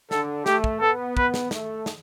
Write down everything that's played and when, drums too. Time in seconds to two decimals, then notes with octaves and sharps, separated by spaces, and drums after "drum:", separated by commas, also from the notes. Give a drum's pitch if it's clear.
0.11 D3 A4, drum: snare
0.46 A3 G4, drum: snare
0.64 drum: kick
0.81 B3 A4
1.17 B4, drum: kick
1.34 drum: snare
1.51 A3, drum: snare
1.86 drum: snare